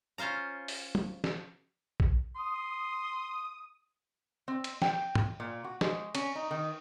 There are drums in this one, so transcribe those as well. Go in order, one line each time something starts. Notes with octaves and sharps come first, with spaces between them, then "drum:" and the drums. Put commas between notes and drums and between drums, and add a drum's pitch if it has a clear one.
C#4 F4 C5 F5 A#5
drum: open hi-hat
drum: tom
drum: snare
drum: kick
C6 D#6
C4
drum: cymbal
G5, drum: snare
drum: tom
A#2
F#4
G#3, drum: snare
C#4, drum: cymbal
D#4
D#3